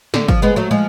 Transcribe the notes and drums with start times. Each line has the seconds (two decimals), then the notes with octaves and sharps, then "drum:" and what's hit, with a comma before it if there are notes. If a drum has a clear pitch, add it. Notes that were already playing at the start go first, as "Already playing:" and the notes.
0.14 D3, drum: snare
0.28 F3, drum: kick
0.42 G#3 B3
0.56 F#3 A3
0.71 F3 G#3